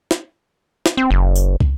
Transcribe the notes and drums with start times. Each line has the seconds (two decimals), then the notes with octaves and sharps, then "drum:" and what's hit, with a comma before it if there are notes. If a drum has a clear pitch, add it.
0.11 drum: snare
0.86 drum: snare
0.97 C4
1.11 F#1
1.36 drum: tambourine
1.60 drum: kick